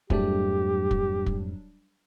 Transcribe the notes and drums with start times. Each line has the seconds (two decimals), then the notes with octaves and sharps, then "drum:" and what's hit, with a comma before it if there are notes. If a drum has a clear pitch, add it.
0.10 F2 G#2 F#3 G3 A3 D4 G4, drum: kick
0.91 drum: kick
1.26 drum: kick